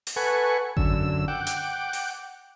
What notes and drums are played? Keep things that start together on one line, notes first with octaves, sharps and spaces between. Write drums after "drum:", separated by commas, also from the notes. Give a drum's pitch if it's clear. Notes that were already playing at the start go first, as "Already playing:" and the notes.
drum: open hi-hat
A4 B4 F#5 G#5 C#6
F#2 D3 E6, drum: kick G#1
F#5 G5 D6
drum: hi-hat
drum: open hi-hat